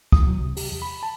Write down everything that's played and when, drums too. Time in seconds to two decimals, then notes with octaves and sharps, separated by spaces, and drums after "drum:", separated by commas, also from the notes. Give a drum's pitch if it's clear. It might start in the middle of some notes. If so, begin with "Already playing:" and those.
0.12 D#6, drum: kick
0.26 F#3
0.40 C3
0.57 G4, drum: open hi-hat
0.70 E2
0.82 B5
1.03 A5